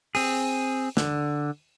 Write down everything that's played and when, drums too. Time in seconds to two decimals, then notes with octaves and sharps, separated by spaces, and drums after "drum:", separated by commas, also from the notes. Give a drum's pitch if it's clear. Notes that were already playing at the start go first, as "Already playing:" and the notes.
0.15 C4 G#4, drum: open hi-hat
0.97 D3, drum: snare